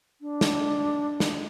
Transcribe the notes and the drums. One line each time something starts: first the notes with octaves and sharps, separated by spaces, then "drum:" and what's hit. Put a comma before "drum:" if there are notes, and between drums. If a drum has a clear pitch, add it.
D4
drum: snare
drum: snare